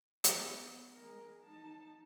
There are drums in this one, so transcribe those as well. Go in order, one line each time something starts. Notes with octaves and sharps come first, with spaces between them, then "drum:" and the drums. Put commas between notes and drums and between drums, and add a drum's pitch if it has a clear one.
B3, drum: hi-hat
G#3 A#4
D#4 A5